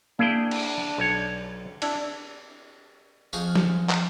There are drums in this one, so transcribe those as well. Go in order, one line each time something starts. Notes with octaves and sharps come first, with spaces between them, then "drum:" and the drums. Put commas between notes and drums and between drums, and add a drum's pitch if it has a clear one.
A#3 D4 E4 G#4 G5
drum: cymbal
B1 C#5
D4 E4, drum: cymbal
F2 F#4 G#4 C5 F5 C#6, drum: tambourine
drum: snare
drum: clap